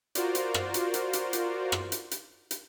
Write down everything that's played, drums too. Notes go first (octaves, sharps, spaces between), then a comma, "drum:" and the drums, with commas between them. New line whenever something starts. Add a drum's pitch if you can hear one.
F4 F#4 A#4 C5 D5, drum: hi-hat
drum: hi-hat
drum: rim click
drum: hi-hat
drum: hi-hat
drum: hi-hat
drum: hi-hat
drum: rim click
drum: hi-hat
drum: hi-hat
drum: hi-hat